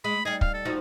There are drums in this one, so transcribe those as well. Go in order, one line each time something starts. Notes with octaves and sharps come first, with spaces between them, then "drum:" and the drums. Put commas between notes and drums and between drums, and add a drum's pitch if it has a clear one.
G#3 B5
G3 D#4 G#4
F5, drum: kick
A4
F3 D#4 F#4